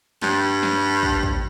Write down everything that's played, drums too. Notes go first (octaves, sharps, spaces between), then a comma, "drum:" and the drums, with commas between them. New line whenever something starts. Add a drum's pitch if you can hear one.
G2, drum: snare
drum: snare
drum: kick
drum: kick